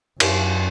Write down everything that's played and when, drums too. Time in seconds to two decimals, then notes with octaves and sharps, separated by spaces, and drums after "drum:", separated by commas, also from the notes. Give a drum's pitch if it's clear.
0.20 F#2, drum: cymbal